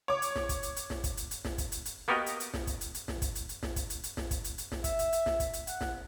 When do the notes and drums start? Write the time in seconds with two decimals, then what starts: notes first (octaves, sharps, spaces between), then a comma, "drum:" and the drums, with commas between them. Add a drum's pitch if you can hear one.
0.08 C#5 D6
0.22 drum: hi-hat
0.36 drum: snare
0.49 drum: kick, hi-hat
0.63 drum: hi-hat
0.76 drum: hi-hat
0.90 drum: snare
1.04 drum: kick, hi-hat
1.17 drum: hi-hat
1.31 drum: hi-hat
1.45 drum: snare
1.58 drum: kick, hi-hat
1.72 drum: hi-hat
1.85 drum: hi-hat
2.08 A#3 B3 F#4 G4 A#4 D#5
2.26 drum: hi-hat
2.40 drum: hi-hat
2.54 drum: snare
2.67 drum: kick, hi-hat
2.81 drum: hi-hat
2.94 drum: hi-hat
3.08 drum: snare
3.22 drum: kick, hi-hat
3.35 drum: hi-hat
3.49 drum: hi-hat
3.63 drum: snare
3.76 drum: kick, hi-hat
3.90 drum: hi-hat
4.04 drum: hi-hat
4.17 drum: snare
4.31 drum: kick, hi-hat
4.44 drum: hi-hat
4.58 drum: hi-hat
4.72 drum: snare
4.84 E5, drum: kick, hi-hat
4.99 drum: hi-hat
5.13 drum: hi-hat
5.26 drum: snare
5.40 drum: kick, hi-hat
5.53 drum: hi-hat
5.67 F#5, drum: hi-hat
5.81 drum: snare